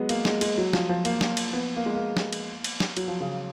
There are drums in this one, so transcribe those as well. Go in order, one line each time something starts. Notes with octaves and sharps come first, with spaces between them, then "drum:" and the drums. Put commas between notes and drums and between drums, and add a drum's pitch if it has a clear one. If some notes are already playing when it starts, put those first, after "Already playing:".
Already playing: F#3 G#3 B3
A#3, drum: cymbal
G#3, drum: snare
G#3, drum: cymbal
F#3
F3, drum: snare
F3
A#3, drum: cymbal
drum: snare
drum: cymbal
B3
A#3
G#3
A#3
drum: snare
drum: cymbal
drum: cymbal
drum: snare
F#3, drum: cymbal
F3
C#3